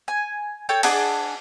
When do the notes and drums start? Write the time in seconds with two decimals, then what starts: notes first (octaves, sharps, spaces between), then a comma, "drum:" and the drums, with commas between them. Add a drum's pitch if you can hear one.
0.08 G#5
0.69 A4 C#5 G5
0.83 D4 G#4 F#5 A5, drum: cymbal